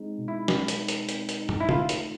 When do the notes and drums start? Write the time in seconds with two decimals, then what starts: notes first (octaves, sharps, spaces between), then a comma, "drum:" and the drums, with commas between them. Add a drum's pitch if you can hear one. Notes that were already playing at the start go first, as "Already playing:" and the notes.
Already playing: G#3 C4 D#4
0.18 B2
0.28 E4
0.48 G#3, drum: snare
0.68 drum: hi-hat
0.79 D#4
0.88 drum: hi-hat
1.09 C4, drum: hi-hat
1.29 drum: hi-hat
1.39 D#4
1.49 drum: tom
1.60 E4
1.69 A3 F4, drum: tom
1.89 drum: hi-hat
1.99 A3